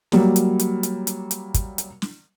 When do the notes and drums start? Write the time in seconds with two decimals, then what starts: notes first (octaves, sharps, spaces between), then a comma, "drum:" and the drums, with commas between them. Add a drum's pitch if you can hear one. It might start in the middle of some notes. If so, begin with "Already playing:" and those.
0.12 F#3 G3 A#3, drum: snare
0.36 drum: hi-hat
0.59 drum: hi-hat
0.83 drum: hi-hat
1.07 drum: hi-hat
1.31 drum: hi-hat
1.54 drum: kick, hi-hat
1.78 drum: hi-hat
2.02 drum: snare